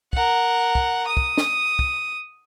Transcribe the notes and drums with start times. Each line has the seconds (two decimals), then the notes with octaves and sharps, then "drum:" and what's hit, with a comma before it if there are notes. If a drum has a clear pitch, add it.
0.13 A#4 F#5, drum: kick
0.75 drum: kick
1.07 D#6
1.17 drum: kick
1.37 drum: snare
1.79 drum: kick